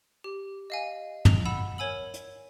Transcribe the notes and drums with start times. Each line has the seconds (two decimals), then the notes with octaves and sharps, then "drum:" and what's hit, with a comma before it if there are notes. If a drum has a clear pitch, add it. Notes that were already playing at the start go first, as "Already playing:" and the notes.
0.24 G4
0.70 D#5 F5 G#5
1.25 F7, drum: tom
1.46 F#5 B5 E6 E7
1.78 A#4 C#5 G#5 E6 F#7
2.14 drum: hi-hat